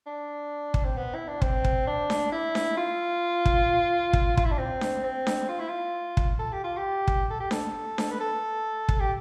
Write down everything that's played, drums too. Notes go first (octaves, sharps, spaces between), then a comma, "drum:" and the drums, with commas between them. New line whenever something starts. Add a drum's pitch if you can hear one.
D4
drum: kick
C4
B3
E4
D4
C4, drum: kick
drum: kick
D4
drum: snare D4
E4
drum: snare D4
F4
drum: kick
drum: kick
F4, drum: kick
E4
D4
C4
drum: snare D4
C4
drum: snare D4
F4
E4
F4
drum: kick
A4
G4
F4
G4
drum: kick
A4
G4
A4, drum: snare D4
drum: snare D4
B4
A4
drum: kick
G4